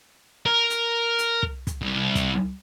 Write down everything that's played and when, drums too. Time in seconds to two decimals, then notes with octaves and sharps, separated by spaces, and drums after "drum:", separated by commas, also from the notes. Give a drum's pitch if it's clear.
0.46 A#4
0.70 drum: hi-hat
1.18 drum: hi-hat
1.43 drum: kick
1.67 drum: kick, hi-hat
1.82 C2
2.15 drum: kick, hi-hat